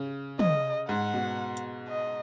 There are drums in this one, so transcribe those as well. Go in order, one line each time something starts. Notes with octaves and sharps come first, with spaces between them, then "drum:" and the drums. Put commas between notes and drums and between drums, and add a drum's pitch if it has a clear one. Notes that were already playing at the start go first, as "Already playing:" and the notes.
Already playing: C#3
D#5, drum: tom
G#2 F#5
B2
drum: hi-hat
D#5